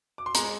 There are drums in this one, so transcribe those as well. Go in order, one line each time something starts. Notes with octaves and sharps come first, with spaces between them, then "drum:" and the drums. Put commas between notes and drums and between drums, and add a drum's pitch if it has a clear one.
D6
C6
G#3 A#5, drum: hi-hat